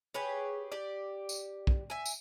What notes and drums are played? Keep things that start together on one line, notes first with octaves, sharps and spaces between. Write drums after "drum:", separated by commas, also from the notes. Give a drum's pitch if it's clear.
G4 G#4 B4 C#5
G4 D5
drum: tambourine
drum: kick
E5 G#5
drum: tambourine